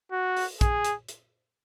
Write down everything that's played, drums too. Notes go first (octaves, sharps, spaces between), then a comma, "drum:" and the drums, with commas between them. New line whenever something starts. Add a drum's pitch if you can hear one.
F#4
drum: open hi-hat
G#4, drum: kick, hi-hat
drum: hi-hat
drum: hi-hat